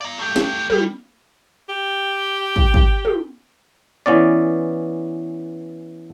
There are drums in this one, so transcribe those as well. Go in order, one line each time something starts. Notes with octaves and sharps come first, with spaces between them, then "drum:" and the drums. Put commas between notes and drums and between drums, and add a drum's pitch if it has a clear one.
D5 A#5
A3 G4
drum: snare
G3, drum: tom
G4
drum: kick
drum: kick
drum: tom
E3 B3 C#4 D5